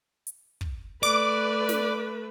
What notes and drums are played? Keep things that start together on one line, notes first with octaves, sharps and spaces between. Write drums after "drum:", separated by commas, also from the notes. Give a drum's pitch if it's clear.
drum: hi-hat
drum: kick
A3 B4 D5 D6
drum: snare